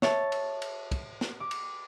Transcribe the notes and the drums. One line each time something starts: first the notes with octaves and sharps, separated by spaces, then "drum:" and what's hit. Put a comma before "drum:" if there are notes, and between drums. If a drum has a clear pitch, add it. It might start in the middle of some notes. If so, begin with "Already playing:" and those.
C#5 E5 A5, drum: snare
drum: cymbal
drum: cymbal
drum: kick, cymbal
drum: snare
D6
drum: cymbal